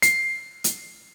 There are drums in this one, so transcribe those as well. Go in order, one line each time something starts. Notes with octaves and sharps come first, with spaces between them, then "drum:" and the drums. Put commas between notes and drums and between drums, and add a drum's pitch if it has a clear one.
C7, drum: hi-hat
drum: hi-hat